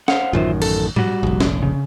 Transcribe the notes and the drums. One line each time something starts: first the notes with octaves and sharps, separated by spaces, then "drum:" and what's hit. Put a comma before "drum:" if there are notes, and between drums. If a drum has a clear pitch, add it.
C5 F5 F#5, drum: snare
A1 F#2 D#3 F4 C5 E5
A4, drum: cymbal
G3 F#4, drum: tom G#2
F1 A#1
drum: snare
C#3